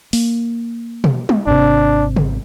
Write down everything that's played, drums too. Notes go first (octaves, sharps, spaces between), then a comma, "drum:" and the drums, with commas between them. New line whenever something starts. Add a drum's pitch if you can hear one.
A#3, drum: open hi-hat
drum: tom B2
drum: tom G3
G#1 C3 D4
drum: tom C3